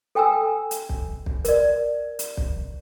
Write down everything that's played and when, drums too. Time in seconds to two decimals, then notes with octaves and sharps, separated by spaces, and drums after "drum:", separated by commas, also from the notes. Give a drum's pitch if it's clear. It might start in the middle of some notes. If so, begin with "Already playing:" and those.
0.15 A4 G5 G#5 A#5 E6
0.71 drum: hi-hat
0.89 drum: kick
1.26 drum: kick
1.45 A#4 D5, drum: hi-hat
2.19 drum: hi-hat
2.37 drum: kick